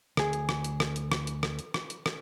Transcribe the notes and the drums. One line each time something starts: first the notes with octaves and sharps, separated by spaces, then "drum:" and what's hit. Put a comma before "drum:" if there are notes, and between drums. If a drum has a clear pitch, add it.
D2 G#4, drum: rim click
drum: hi-hat
drum: rim click
drum: hi-hat
drum: rim click
drum: hi-hat
drum: rim click
drum: hi-hat
drum: rim click
drum: hi-hat
drum: rim click
drum: hi-hat
drum: rim click